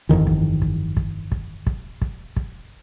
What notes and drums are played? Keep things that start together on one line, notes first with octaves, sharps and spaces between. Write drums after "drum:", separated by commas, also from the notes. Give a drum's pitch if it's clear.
G1 F2 D#3 E3
drum: kick
drum: kick
drum: kick
drum: kick
drum: kick
drum: kick
drum: kick